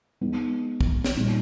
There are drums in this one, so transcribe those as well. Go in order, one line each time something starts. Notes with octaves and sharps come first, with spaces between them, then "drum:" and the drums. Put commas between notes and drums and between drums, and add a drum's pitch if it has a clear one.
G#3 B3 D#4
drum: kick
drum: snare
A#2 G3 A#3 D#4